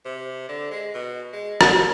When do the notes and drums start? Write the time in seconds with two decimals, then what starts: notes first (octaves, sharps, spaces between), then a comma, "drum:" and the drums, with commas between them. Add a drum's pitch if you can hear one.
0.05 C3
0.49 D3
0.71 G#3
0.94 B2
1.33 G#3
1.61 C#4, drum: rim click